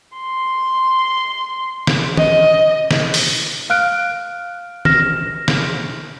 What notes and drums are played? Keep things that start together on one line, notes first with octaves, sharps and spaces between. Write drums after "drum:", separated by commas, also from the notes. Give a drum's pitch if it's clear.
C6
drum: snare
D#5, drum: tom
drum: snare
drum: open hi-hat
F5 F6 F#6 D7
F6 A#6 E7, drum: tom
drum: snare